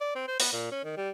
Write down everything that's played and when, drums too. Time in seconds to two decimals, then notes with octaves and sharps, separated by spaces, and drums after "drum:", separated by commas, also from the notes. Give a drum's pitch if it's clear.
0.01 D5
0.15 C4
0.28 C5
0.40 B3, drum: open hi-hat
0.52 A#2
0.71 C#4
0.84 D#3
0.97 G3